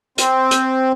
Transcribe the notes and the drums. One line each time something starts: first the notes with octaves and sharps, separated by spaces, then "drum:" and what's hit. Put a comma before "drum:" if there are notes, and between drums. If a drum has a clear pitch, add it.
C4, drum: hi-hat
drum: hi-hat